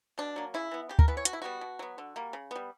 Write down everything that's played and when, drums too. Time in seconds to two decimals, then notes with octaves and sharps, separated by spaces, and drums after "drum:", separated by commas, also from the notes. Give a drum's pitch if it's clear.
0.18 B2 D4
0.36 F#3 A#3
0.54 C#3 E4
0.71 E3 B3
0.89 C#3 G4
0.99 A#4, drum: kick
1.08 E3 B3 B4
1.17 C#5
1.25 B2 F#4, drum: hi-hat
1.33 E4
1.42 G3 B3 F#4
1.61 B2
1.79 F#3 B3
1.98 D3
2.16 G3 A#3
2.33 C#3
2.51 G3 B3